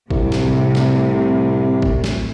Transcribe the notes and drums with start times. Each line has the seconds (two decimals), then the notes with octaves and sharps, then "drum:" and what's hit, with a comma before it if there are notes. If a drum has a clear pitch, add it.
0.11 C2 A2 C3, drum: kick A1
0.32 drum: snare
0.75 drum: snare
1.82 drum: kick A1
2.04 drum: snare